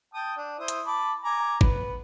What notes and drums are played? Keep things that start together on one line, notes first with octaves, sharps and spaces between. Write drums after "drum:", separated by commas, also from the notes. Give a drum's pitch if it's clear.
G5 A5 D#6
D4
E4 C5 D#6
drum: hi-hat
A5 B5 D6
G#5 A#5 D6
B3 B4, drum: kick